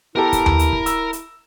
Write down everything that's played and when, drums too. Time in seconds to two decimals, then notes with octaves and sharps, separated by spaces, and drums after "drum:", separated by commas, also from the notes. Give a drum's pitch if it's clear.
0.16 B3 E4 G4 A4 A#4 A#5
0.33 drum: kick, hi-hat
0.46 drum: tom D#2
0.59 drum: hi-hat
0.73 drum: kick
0.86 E6, drum: hi-hat
1.13 drum: hi-hat